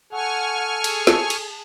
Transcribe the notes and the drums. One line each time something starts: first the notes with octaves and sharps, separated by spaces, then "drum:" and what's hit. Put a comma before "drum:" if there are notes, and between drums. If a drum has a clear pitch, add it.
A4 F#5 G#5 C#6 F6
G#4 A5, drum: cymbal
drum: snare
drum: cymbal